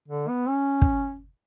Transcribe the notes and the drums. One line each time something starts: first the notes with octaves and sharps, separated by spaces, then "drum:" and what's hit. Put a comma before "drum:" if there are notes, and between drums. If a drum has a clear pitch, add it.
D3
B3
C#4
drum: kick